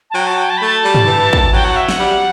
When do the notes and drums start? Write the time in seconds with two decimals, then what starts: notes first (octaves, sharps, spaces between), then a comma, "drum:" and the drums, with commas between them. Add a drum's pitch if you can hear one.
0.10 A5
0.14 F#3 G5
0.27 A5
0.38 G5
0.50 A5
0.58 B5
0.62 A3 A5
0.84 G3
0.95 drum: tom
1.07 E3
1.33 drum: kick
1.53 F#3 G5
1.65 F#5
1.76 E5
1.89 F#5, drum: snare
1.99 G3